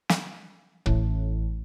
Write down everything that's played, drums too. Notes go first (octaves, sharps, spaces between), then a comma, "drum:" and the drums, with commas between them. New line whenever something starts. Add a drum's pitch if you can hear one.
drum: snare
A1, drum: kick